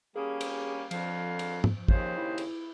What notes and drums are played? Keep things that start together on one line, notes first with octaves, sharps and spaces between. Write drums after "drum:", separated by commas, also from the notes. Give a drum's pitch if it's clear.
G3 A#3 C#4 G#4
drum: cymbal
F2 D3 F3 F5, drum: cymbal
drum: cymbal
drum: tom
D#2 C#3 C5, drum: kick
E4
drum: cymbal